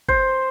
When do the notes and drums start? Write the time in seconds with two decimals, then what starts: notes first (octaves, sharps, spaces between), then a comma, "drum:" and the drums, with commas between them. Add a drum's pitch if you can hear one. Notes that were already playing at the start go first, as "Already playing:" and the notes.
0.08 C5, drum: kick G1